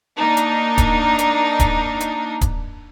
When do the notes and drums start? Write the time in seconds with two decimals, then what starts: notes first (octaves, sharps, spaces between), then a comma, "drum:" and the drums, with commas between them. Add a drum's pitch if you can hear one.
0.16 A#3 D4 D#4
0.37 drum: hi-hat
0.78 drum: kick D1, hi-hat
1.19 drum: hi-hat
1.59 drum: kick D1, hi-hat
2.00 drum: hi-hat
2.41 drum: kick D1, hi-hat